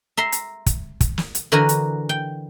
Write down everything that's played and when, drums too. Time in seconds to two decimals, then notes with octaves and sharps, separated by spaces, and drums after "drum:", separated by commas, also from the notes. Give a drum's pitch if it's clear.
0.17 E5 A#5 C6
0.32 drum: hi-hat
0.66 drum: kick, hi-hat
1.01 drum: kick, hi-hat
1.18 drum: snare
1.35 drum: hi-hat
1.52 D3 E3 F#4 A#4 G#5 A#5
1.69 drum: hi-hat
2.09 G5